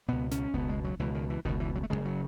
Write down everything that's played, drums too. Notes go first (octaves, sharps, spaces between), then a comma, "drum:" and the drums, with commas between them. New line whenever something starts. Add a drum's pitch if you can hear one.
C#2 B2 B3
C#4, drum: snare
C#2 B2 B3, drum: kick F1
G#3
F#3
C#2 B2 E3
D#3
E3
C#2 B2 D#3, drum: kick F1
E3
F#3
A3
F#1 E2 C#3 G#3
F#3